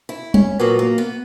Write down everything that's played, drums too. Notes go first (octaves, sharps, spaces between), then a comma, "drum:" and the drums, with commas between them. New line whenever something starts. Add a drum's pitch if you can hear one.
E4
C#4, drum: tom
A#2 F#3 A#3 B3
A#3
B3